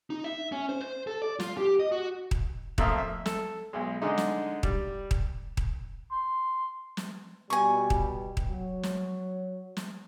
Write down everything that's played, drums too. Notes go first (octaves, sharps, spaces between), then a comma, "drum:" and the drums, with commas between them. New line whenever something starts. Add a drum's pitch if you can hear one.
D#4
E5
C#4
C5
C5
A4
D5
F4, drum: snare
G4
D#5
F#4
drum: kick D#1
F2 A3 A#3 E5 D#6 F6, drum: kick D#1
E5
A4, drum: snare
B1 G#3
D3 G#3 D#4
drum: snare
G3, drum: kick D#1
drum: kick D#1
drum: kick D#1
C6
drum: snare
B2 G3 G#5 C#6
drum: kick D#1
drum: kick D#1
F#3
drum: snare
drum: snare